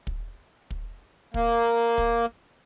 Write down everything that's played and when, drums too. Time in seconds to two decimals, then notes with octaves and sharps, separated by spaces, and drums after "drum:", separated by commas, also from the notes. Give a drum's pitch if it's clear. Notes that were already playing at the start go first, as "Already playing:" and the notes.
0.07 drum: kick
0.71 drum: kick
1.34 A#3, drum: kick
1.98 drum: kick